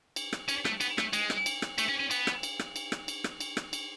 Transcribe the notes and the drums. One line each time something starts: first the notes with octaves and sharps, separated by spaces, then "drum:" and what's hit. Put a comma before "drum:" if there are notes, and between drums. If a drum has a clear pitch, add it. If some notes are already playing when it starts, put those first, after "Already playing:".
drum: cymbal
drum: rim click
C#4, drum: cymbal
A3, drum: rim click
B3, drum: cymbal
A3, drum: rim click
G#3, drum: cymbal
drum: rim click
drum: cymbal
drum: rim click
A3, drum: cymbal
C#4
C#4
B3, drum: cymbal
drum: rim click
drum: cymbal
drum: rim click
drum: cymbal
drum: rim click
drum: cymbal
drum: rim click
drum: cymbal
drum: rim click
drum: cymbal